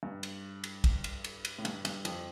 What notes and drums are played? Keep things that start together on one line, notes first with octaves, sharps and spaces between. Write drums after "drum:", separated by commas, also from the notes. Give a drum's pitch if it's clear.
G2
drum: cymbal
drum: cymbal
drum: kick, cymbal
drum: cymbal
drum: cymbal
drum: cymbal
A2
G2, drum: cymbal
G2, drum: cymbal
F2, drum: cymbal